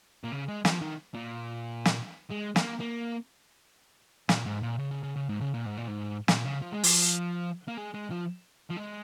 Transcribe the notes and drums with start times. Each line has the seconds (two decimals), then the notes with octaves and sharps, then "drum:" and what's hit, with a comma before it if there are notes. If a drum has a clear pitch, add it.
0.23 A#2
0.32 C#3
0.48 G#3
0.65 F3, drum: snare
0.81 D#3
1.14 A#2
1.85 drum: snare
2.30 G#3
2.56 A#3, drum: snare
2.80 A#3
4.29 A#2, drum: snare
4.46 G#2
4.63 A#2
4.79 C#3
4.91 C#3
5.03 C#3
5.16 C#3
5.29 G#2
5.41 C#3
5.54 A#2
5.66 G#2
5.77 A#2
5.88 G#2
6.28 A#2, drum: snare
6.45 C#3
6.62 F3
6.72 G#3
6.83 F3, drum: open hi-hat
7.68 A#3
7.78 G#3
7.94 G#3
8.11 F3
8.70 F3
8.77 G#3